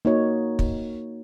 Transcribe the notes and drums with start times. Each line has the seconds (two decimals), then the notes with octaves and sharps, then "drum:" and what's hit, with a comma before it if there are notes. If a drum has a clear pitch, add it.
0.05 A#3 D#4 F#4 C#5
0.59 drum: kick